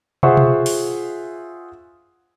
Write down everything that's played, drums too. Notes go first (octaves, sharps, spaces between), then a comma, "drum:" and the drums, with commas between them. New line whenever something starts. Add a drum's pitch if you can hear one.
F4 G#4 C5 E5 F#5 C#6, drum: tom
drum: tom B2
drum: open hi-hat